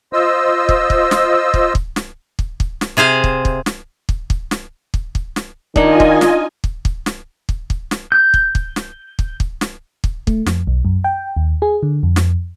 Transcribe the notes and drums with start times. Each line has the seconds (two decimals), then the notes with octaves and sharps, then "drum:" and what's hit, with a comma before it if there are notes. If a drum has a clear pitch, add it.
0.13 F4 C5 D#5 E6
0.69 drum: kick
0.90 drum: kick
1.11 drum: snare
1.54 drum: kick
1.75 drum: kick
1.96 drum: snare
2.39 drum: kick
2.60 drum: kick
2.81 drum: snare
2.97 C3 G#4 C5 F5
3.24 drum: kick
3.45 drum: kick
3.66 drum: snare
4.09 drum: kick
4.30 drum: kick
4.51 drum: snare
4.94 drum: kick
5.15 drum: kick
5.36 drum: snare
5.76 D#3 D4 D#4 F4 D#5 G#5, drum: kick
6.00 drum: kick
6.21 drum: snare
6.64 drum: kick
6.85 drum: kick
7.06 drum: snare
7.49 drum: kick
7.70 drum: kick
7.91 drum: snare
8.12 G6
8.34 drum: kick
8.55 drum: kick
8.76 drum: snare
9.19 drum: kick
9.40 drum: kick
9.61 drum: snare
10.04 drum: kick
10.27 A3, drum: kick
10.46 F2, drum: snare
10.67 B1
10.85 F#2
11.04 G5
11.37 D#2
11.62 G#4
11.83 D3
12.03 F2
12.16 drum: snare